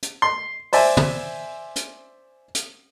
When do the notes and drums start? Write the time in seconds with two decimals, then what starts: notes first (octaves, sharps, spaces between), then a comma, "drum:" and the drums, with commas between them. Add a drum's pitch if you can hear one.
0.02 drum: hi-hat
0.22 C6
0.73 C5 D5 E5 G#5, drum: open hi-hat
0.97 drum: tom
1.76 drum: hi-hat
2.55 drum: hi-hat